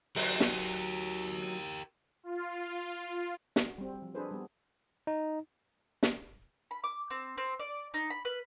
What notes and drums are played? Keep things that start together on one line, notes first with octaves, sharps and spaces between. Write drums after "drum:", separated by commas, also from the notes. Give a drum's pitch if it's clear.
F#3 G4 A#4, drum: open hi-hat
drum: snare
F4
drum: snare
F#4
G3 C4
F3
D4 F#4 G#4 A4 B4 C5
G3 B3
D#4
drum: snare
B5
D6
C4
C4
D5
D#4
B5
B4